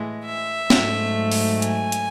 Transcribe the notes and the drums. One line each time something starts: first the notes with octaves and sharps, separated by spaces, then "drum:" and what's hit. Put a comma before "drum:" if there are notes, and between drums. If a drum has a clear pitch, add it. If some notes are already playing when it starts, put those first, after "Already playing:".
Already playing: A2 E3 G#3
E5
G#2 F#3 A3, drum: snare
drum: open hi-hat
G#5, drum: hi-hat
drum: hi-hat